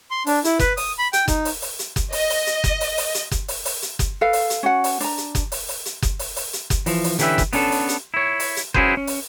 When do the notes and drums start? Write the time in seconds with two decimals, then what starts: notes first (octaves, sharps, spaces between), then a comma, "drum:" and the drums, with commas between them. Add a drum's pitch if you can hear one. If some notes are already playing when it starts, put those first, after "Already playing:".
0.11 C6
0.27 D4, drum: open hi-hat
0.44 E4, drum: hi-hat
0.59 B4, drum: kick F#1, hi-hat
0.77 D#6, drum: open hi-hat
0.98 B5
1.13 G5, drum: hi-hat
1.28 D#4, drum: kick F#1, hi-hat
1.45 drum: open hi-hat
1.62 drum: open hi-hat
1.79 drum: hi-hat
1.96 drum: kick F#1, hi-hat
2.12 D#5, drum: open hi-hat
2.30 drum: open hi-hat
2.47 drum: hi-hat
2.64 drum: kick F#1, hi-hat
2.81 drum: open hi-hat
2.98 drum: open hi-hat
3.15 drum: hi-hat
3.31 drum: kick F#1, hi-hat
3.48 drum: open hi-hat
3.65 drum: open hi-hat
3.82 drum: hi-hat
3.99 drum: kick F#1, hi-hat
4.21 A4 B4 F5
4.33 drum: open hi-hat
4.50 drum: hi-hat
4.63 C#4 F#4 F#5
4.84 drum: open hi-hat
5.00 D4 A#5, drum: open hi-hat
5.18 drum: hi-hat
5.35 drum: kick F#1, hi-hat
5.52 drum: open hi-hat
5.69 drum: open hi-hat
5.86 drum: hi-hat
6.02 drum: kick F#1, hi-hat
6.19 drum: open hi-hat
6.36 drum: open hi-hat
6.53 drum: hi-hat
6.70 drum: kick F#1, hi-hat
6.86 E3 F3, drum: open hi-hat
7.04 drum: open hi-hat
7.19 D3 E3 C#4 G4 B4 E5, drum: hi-hat
7.38 drum: kick F#1, hi-hat
7.53 B3 C#4 D4 G#4 A4, drum: open hi-hat
7.72 drum: open hi-hat
7.89 drum: hi-hat
8.14 E4 C#5
8.40 drum: open hi-hat
8.57 drum: hi-hat
8.74 C#4 E4 F#4 G#4 B4 C5, drum: kick F#1
8.97 C#4
9.07 drum: open hi-hat